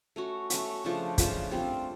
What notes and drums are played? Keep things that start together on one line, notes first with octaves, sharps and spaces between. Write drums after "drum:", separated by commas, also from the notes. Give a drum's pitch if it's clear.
A3 C#4 F#4
A3 C#4 F#4, drum: hi-hat
C#3 F3 A3 D4
C#3 F3 A3 D4, drum: kick, hi-hat
G3 C4 F4